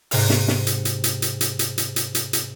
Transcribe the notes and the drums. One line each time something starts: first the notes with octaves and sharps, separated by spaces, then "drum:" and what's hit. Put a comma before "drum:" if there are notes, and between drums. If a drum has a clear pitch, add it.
G#2 C3 F6, drum: open hi-hat
drum: snare
drum: snare
drum: hi-hat
drum: hi-hat
drum: hi-hat
drum: hi-hat
drum: hi-hat
drum: hi-hat
drum: hi-hat
drum: hi-hat
drum: hi-hat
drum: hi-hat